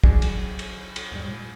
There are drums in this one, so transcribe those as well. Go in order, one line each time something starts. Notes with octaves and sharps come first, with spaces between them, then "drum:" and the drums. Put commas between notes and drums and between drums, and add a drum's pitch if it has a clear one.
F#2 G#3 D4, drum: kick
drum: cymbal
drum: cymbal
drum: cymbal
D#2 G#2 G3
A#2 G#3